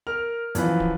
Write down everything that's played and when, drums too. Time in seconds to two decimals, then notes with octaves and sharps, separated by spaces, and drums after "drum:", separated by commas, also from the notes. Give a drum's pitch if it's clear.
0.07 A#4 F6
0.55 F#2 E3 F3 B4 F5, drum: hi-hat
0.80 drum: kick